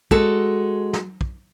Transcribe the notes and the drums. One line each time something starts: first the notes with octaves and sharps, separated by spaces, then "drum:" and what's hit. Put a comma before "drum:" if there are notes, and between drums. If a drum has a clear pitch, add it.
G#3 F#4 A4, drum: kick
drum: snare
drum: kick